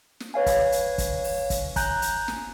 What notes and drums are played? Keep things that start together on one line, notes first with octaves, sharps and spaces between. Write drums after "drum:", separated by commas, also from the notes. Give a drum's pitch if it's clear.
drum: snare
B4 C#5 F5 G#5
drum: kick, hi-hat
drum: hi-hat
drum: kick, hi-hat
drum: open hi-hat
drum: kick, hi-hat
G#5 A#5 F#6 G6, drum: kick, hi-hat
drum: hi-hat
drum: snare